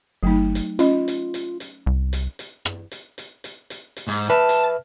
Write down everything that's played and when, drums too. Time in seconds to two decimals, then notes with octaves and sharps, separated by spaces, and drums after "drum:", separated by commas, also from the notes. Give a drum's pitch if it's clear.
0.23 G1 F#3 A3 D#4
0.55 drum: hi-hat
0.79 C#4 F4 D#5, drum: hi-hat
1.08 drum: hi-hat
1.34 drum: hi-hat
1.60 drum: hi-hat
1.86 C2
2.13 drum: hi-hat
2.39 drum: hi-hat
2.65 drum: rim click
2.92 drum: hi-hat
3.18 drum: hi-hat
3.44 drum: hi-hat
3.70 drum: hi-hat
3.97 drum: hi-hat
4.07 G#2
4.30 B4 E5 A5 F6
4.49 drum: hi-hat